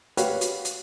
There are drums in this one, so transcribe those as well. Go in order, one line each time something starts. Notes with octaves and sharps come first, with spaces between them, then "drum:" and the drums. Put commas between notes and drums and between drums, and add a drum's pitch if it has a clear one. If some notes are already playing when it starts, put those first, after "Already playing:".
F#4 G4 B4 C#5 F5, drum: hi-hat
drum: hi-hat
drum: hi-hat